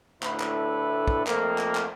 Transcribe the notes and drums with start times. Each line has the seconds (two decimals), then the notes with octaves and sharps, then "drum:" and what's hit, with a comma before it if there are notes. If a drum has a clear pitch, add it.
0.23 D2 A2 D4 E4 A4 B4, drum: clap
0.40 drum: clap
1.08 drum: kick
1.27 F2 A3 A#3, drum: clap
1.58 drum: clap
1.75 drum: clap